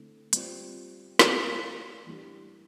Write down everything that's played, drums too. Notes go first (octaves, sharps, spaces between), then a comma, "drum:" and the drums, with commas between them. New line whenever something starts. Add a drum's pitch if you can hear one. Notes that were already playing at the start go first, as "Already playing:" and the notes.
Already playing: D3 A3 C4 E4
G3 C4 F4, drum: hi-hat
E3 A3 C4 E4 G4, drum: snare
E3 G3 D4 G4